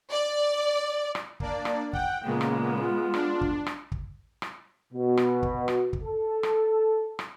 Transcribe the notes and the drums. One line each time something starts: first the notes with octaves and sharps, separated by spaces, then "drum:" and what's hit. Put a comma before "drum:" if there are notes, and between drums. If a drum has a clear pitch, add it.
D5
drum: rim click
A#3 D4 D5, drum: kick
drum: rim click
F#5 G5, drum: kick
A#2 C#3 G#3 A#3 B3
drum: rim click
F4
D4, drum: rim click
drum: kick
drum: rim click
drum: kick
drum: rim click
B2
drum: rim click
drum: kick
drum: rim click
drum: kick
A4
drum: rim click
drum: rim click